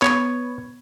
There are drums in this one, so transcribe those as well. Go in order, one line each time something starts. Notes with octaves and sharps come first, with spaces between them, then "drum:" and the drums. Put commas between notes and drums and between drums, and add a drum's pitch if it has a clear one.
B3 C#5, drum: clap